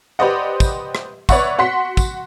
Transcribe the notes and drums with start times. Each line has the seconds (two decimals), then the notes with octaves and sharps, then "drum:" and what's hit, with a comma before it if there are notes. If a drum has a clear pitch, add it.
0.19 G4 B4 C5 D5 D#5 F#5
0.60 drum: kick, tambourine
0.95 drum: rim click
1.29 B4 C#5 D5 E5 F#5 C#6, drum: kick, tambourine
1.58 F#4 F#5 C6 B6
1.97 drum: kick, tambourine